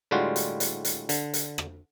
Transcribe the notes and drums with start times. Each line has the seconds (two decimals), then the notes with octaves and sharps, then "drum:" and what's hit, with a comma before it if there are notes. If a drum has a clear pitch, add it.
0.11 A2 D3 G3 G#3 F4 F#4
0.36 drum: hi-hat
0.60 drum: hi-hat
0.85 drum: hi-hat
1.09 D3, drum: hi-hat
1.34 drum: hi-hat
1.58 drum: rim click